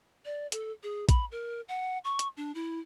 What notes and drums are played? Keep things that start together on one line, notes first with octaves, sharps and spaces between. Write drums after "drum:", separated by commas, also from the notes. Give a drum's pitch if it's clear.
D5
A4, drum: hi-hat
G#4
B5, drum: kick, hi-hat
A#4
F#5
C#6
drum: hi-hat
D4
E4